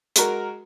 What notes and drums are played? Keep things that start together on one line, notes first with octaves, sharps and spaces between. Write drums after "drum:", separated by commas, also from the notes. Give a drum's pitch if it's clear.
G#3 F#4 A#4, drum: hi-hat